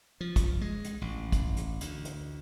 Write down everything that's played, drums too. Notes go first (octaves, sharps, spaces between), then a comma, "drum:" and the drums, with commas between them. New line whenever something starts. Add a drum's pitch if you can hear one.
F3
drum: kick, hi-hat
G#3
drum: hi-hat
A1
drum: kick, hi-hat
drum: hi-hat
D2, drum: hi-hat
drum: hi-hat